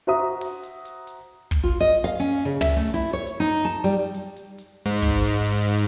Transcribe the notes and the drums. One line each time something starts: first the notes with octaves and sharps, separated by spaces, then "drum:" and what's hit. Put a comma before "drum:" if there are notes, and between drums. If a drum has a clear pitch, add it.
F#4 C5 E5 A#5 D#6
drum: open hi-hat
drum: hi-hat
drum: hi-hat
drum: hi-hat
drum: kick, open hi-hat
F4
D#5
drum: hi-hat
F5
C#4, drum: hi-hat
C#3
E5, drum: tom
A3
E4
C#5
drum: hi-hat
D#4
A5
G3
drum: hi-hat
drum: hi-hat
drum: hi-hat
G#2
drum: kick, open hi-hat
drum: hi-hat
drum: hi-hat